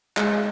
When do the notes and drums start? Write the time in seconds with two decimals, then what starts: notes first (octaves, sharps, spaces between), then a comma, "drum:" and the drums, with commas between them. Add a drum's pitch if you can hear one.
0.17 G#3, drum: clap